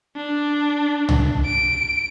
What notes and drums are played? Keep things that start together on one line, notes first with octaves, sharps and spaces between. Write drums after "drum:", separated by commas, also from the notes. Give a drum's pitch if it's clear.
D4
drum: tom C2
D7